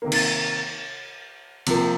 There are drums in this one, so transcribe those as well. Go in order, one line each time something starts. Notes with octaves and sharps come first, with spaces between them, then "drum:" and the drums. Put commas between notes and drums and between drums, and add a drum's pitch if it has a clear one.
C3 D#3 A#3
drum: cymbal
C3 F3 A#3, drum: cymbal